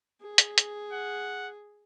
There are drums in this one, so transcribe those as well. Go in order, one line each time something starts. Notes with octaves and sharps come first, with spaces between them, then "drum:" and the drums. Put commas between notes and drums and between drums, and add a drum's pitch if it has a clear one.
G#4
drum: hi-hat
drum: hi-hat
F#5